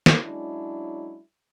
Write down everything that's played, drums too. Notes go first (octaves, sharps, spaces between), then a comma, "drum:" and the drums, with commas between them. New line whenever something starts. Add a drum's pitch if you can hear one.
drum: snare
F#3 G#3 C#4 D4 E4